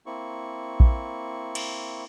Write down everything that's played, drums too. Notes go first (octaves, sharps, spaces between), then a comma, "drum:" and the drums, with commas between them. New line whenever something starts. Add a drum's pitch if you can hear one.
A#3 C4 E4 C#6
drum: kick A#1
drum: cymbal